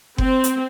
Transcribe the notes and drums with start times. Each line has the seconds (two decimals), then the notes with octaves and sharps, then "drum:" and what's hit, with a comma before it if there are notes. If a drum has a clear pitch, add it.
0.18 C4, drum: kick F#1
0.44 drum: hi-hat